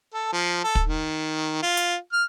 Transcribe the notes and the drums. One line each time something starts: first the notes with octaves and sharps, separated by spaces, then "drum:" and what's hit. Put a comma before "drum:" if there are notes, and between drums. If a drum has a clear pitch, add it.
A4
F3
A4
drum: kick
D#3
F4
drum: hi-hat
F6